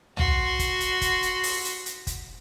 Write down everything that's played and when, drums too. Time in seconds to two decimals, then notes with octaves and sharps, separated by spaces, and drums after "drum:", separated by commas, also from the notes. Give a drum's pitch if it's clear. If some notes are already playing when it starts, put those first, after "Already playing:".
0.17 F#4 C6, drum: tom C2
0.59 drum: kick, hi-hat
0.80 drum: hi-hat
1.01 drum: kick, hi-hat
1.22 drum: hi-hat
1.44 drum: open hi-hat
1.65 drum: hi-hat
1.86 drum: hi-hat
2.07 drum: kick, hi-hat